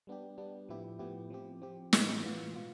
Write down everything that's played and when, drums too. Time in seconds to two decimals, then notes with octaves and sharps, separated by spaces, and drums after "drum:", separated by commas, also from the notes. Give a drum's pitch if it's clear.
0.07 G3 B3 D4 G4
0.38 G3 B3 D4 G4
0.69 A2 F3 B3 E4 G4
0.99 A2 F3 B3 E4 G4
1.30 F3 C4 G4
1.62 F3 C4 G4
1.93 A2 E3 B3 F4, drum: snare
2.23 A2 E3 B3 F4
2.53 B2 B3 F4